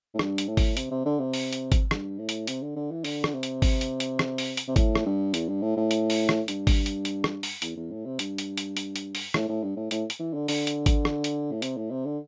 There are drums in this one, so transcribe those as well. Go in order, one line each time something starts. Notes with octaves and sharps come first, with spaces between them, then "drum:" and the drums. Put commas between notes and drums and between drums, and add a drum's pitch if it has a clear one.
A2
G2, drum: rim click
drum: hi-hat
A2
drum: kick G#1, open hi-hat
C3, drum: hi-hat
C3
D3
C3
drum: open hi-hat
drum: hi-hat
drum: kick G#1, hi-hat
G2, drum: rim click
A2
drum: hi-hat
C3, drum: hi-hat
D3
D3
E3
D3, drum: open hi-hat
drum: rim click
C3
drum: hi-hat
drum: kick G#1, open hi-hat
drum: hi-hat
drum: hi-hat
drum: rim click
drum: open hi-hat
drum: hi-hat
C3
A2, drum: kick G#1, hi-hat
drum: rim click
G2
E2, drum: hi-hat
G2
A2
A2
drum: hi-hat
drum: open hi-hat
drum: rim click
G2, drum: hi-hat
drum: kick G#1, open hi-hat
drum: hi-hat
drum: hi-hat
drum: rim click
drum: open hi-hat
E2, drum: hi-hat
E2
A2
C3
G2, drum: hi-hat
drum: hi-hat
drum: hi-hat
drum: hi-hat
drum: hi-hat
drum: open hi-hat
A2, drum: rim click
A2
G2
A2
A2, drum: hi-hat
drum: hi-hat
E3
D3
D3, drum: open hi-hat
drum: hi-hat
drum: kick G#1, hi-hat
drum: rim click
drum: hi-hat
A2
C3, drum: hi-hat
A2
C3
D3